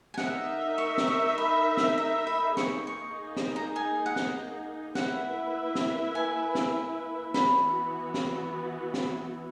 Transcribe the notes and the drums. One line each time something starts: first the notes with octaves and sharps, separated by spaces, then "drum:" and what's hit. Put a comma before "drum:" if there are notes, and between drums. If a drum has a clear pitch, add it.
G#5
D#4 A#4 E5 F#5, drum: snare
C#6
drum: snare
C#6
B5
drum: snare
A#5
B5
A#3 D#4 G#4 C#6, drum: snare
C#6
drum: snare
A#5
G#5
F#5
drum: snare
A#3 E4 B4 E5 F#5, drum: snare
drum: snare
G#5
drum: snare
E3 B3 F#4 B5, drum: snare
drum: snare
drum: snare